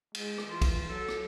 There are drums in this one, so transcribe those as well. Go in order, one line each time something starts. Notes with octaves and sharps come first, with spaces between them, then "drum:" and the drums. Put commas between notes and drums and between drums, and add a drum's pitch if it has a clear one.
G#3, drum: cymbal
drum: rim click
E3 F4
drum: kick, cymbal
F#3 A4
drum: rim click